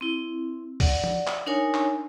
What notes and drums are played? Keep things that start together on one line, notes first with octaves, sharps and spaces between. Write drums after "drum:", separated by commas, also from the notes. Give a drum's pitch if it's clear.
C4 E4
D5 F#5, drum: kick A#1, open hi-hat
drum: tom
drum: clap
D4 D#4 A#4 C#5 G#5
drum: clap